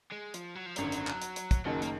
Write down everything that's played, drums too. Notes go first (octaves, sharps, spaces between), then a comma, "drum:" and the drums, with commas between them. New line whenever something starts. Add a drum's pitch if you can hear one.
G#3
F3, drum: hi-hat
F#3
F3
G#1 F#2 D3 F#3, drum: hi-hat
drum: hi-hat
drum: clap
drum: hi-hat
drum: hi-hat
drum: kick, hi-hat
F#1 F#2 D#3 F#3
A#3, drum: hi-hat